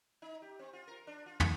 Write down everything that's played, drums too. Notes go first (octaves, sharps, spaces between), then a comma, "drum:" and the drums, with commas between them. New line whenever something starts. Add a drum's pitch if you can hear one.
D#4
G4
C4
F4
A#4
D4
F4
A#3, drum: tom